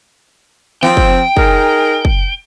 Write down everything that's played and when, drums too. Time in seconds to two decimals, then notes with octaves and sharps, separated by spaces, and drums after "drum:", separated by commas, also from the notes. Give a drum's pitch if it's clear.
0.83 F3 C4 G5, drum: snare
0.97 drum: kick
1.37 D#4 G#4 A#4, drum: kick
2.05 drum: kick